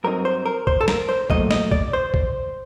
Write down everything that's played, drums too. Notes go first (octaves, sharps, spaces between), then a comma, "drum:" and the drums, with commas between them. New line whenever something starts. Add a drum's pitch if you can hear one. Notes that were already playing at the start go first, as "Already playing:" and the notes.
G2 F#3 C4 D#4 A#4
C5
A#4
C5, drum: kick A#1
A4
A#4, drum: snare
C5
A#2 F#3 A3 D#4 D#5, drum: kick A#1
D#5, drum: snare
D5, drum: kick A#1
C5
drum: kick A#1